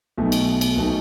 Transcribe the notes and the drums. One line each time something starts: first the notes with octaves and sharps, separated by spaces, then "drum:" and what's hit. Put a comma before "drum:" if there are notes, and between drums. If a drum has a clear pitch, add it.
B1 B2 A3 D#4
drum: cymbal
drum: cymbal
B1 B2 A3 D#4